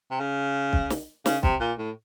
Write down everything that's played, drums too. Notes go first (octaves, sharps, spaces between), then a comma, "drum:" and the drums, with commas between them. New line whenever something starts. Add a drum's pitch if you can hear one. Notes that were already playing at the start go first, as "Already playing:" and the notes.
C3
C#3
drum: kick
drum: snare
C#3, drum: snare
C3, drum: kick
A#2
A2